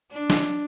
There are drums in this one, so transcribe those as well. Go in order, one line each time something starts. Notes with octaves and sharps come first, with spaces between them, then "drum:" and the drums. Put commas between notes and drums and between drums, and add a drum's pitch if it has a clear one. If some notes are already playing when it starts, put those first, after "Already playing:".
D4
drum: snare